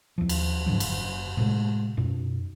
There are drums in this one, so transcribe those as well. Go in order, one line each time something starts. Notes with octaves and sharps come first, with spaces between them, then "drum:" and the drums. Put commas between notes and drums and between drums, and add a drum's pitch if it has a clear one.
D#2 F3
drum: cymbal
G#2 D3 F3 F#3
F#1, drum: cymbal
A2 C3 G#3
F#2 B2